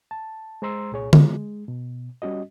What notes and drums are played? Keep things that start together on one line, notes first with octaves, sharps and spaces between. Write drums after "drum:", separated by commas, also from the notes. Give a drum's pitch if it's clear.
A5
G#3 C5 A#5 C6 E6
C2 A#2 G#4 C#5
G#3, drum: tom
B2
G3 C#4 F#4 D#5